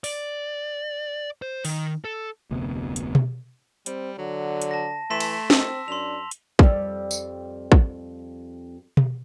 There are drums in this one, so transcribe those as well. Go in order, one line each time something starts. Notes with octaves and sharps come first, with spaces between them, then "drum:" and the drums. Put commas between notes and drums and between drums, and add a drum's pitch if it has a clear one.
D5, drum: open hi-hat
C5
D#3, drum: open hi-hat
A4
F1 D2 C3 B3
drum: hi-hat
drum: tom B2
G3 C4, drum: hi-hat
D3 F#3
drum: hi-hat
A5 A#6
E3 A3 C6 B6 E7
drum: cymbal
C4 E6, drum: snare
F#2 D4 C6 F7
drum: hi-hat
F2 G3, drum: kick
drum: tambourine
drum: kick
drum: tom B2